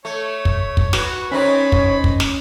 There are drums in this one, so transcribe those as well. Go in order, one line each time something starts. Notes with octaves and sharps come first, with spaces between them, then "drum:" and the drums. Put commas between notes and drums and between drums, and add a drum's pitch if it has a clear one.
A3 C#5
drum: kick
drum: kick
F#4 B4, drum: snare
D#3 C4 C#4 D#4 C#5 B5
drum: kick
drum: kick
drum: snare